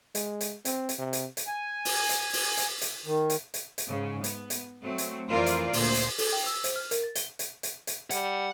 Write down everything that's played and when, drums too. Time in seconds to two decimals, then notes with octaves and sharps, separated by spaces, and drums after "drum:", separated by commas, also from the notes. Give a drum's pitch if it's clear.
0.15 G#3, drum: hi-hat
0.41 drum: hi-hat
0.65 C4, drum: hi-hat
0.89 drum: hi-hat
0.99 C3
1.13 drum: hi-hat
1.37 drum: hi-hat
1.48 G#5
1.85 drum: open hi-hat
2.09 drum: hi-hat
2.33 drum: open hi-hat
2.57 drum: hi-hat
2.81 drum: hi-hat
3.06 D#3
3.30 drum: hi-hat
3.54 drum: hi-hat
3.78 drum: hi-hat
3.87 G#2 C#3
4.24 B3, drum: hi-hat
4.50 drum: hi-hat
4.83 F#3 A3 C4
4.98 drum: hi-hat
5.31 F2 E3 F4 A#4 C5 D5
5.46 drum: hi-hat
5.73 D2 A#2 C5, drum: open hi-hat
5.95 drum: hi-hat
6.18 A4, drum: open hi-hat
6.32 G5
6.46 E6
6.64 C5, drum: hi-hat
6.76 F6
6.91 A#4, drum: hi-hat
7.03 A6
7.15 G7, drum: hi-hat
7.39 drum: hi-hat
7.63 drum: hi-hat
7.87 drum: hi-hat
8.10 G3 F#5, drum: hi-hat